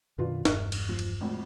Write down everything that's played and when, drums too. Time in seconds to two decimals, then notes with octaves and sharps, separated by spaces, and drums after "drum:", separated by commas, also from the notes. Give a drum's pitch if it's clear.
0.18 F#2 B2 D#3 D4 F4 B4
0.45 E1 G2 C#6 F6 F#6, drum: snare
0.72 drum: cymbal
0.89 F3
0.99 drum: cymbal
1.21 G#1 F2 A2